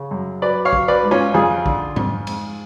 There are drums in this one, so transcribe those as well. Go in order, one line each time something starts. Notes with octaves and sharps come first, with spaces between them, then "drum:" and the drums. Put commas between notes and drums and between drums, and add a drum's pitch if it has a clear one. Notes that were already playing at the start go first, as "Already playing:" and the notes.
Already playing: C#3
F#2
F#3 B4 D5
C#5 F5
F#3, drum: kick
B4 D5
G#2
C#4 F4
F2 F4 G#4
D3, drum: kick
F2, drum: tom G#2
G#2, drum: cymbal